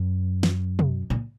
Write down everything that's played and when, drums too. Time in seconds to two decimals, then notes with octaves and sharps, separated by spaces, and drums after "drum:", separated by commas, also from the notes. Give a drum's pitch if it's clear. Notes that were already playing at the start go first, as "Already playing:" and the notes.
Already playing: F#2
0.43 drum: snare
0.79 drum: tom
1.10 A#2